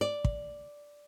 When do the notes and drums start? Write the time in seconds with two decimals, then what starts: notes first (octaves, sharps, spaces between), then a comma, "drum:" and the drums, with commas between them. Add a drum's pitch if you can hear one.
0.01 D5
0.24 drum: kick